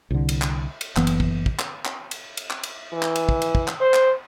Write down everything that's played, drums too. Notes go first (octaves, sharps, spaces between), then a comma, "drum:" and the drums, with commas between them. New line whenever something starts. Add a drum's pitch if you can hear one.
C2 D3
drum: cymbal
drum: clap
drum: cymbal
F#1 E3 B3, drum: clap
drum: cymbal
drum: kick
drum: kick
drum: clap
drum: clap
drum: cymbal
drum: cymbal
drum: clap
drum: cymbal
E3
drum: clap
drum: cymbal
drum: kick
drum: cymbal
drum: kick
drum: clap
C5
drum: clap